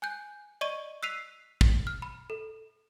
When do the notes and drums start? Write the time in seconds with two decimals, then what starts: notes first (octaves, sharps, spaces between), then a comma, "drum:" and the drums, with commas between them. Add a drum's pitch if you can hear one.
0.02 G#5 F#6 G6
0.61 D5 D#5 C#6 D#7
1.03 E6 F#6 B6 C7 D#7 F7
1.61 drum: kick
1.87 F6
2.02 B5
2.30 A4